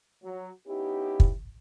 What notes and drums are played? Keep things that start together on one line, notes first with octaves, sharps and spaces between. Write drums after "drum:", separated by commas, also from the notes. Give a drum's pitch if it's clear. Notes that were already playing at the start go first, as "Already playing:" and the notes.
F#3
B3 C#4 D#4 E4 G4
drum: kick